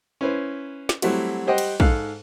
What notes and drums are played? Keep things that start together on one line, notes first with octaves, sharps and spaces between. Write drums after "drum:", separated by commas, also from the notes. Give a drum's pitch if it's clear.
C#4 E4 B4 C5
drum: snare
F#3 G3 A3 C4 E4 F#4, drum: cymbal
G3 G4 C5 D#5 F#5 G5
drum: cymbal
G#2 A4 F5 F#6, drum: kick